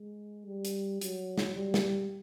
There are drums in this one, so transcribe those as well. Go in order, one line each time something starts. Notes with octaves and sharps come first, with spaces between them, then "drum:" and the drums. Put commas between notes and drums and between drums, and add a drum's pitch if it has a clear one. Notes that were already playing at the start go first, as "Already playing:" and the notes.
Already playing: G#3
G3
drum: hi-hat
F#3, drum: hi-hat
drum: snare
G3
drum: snare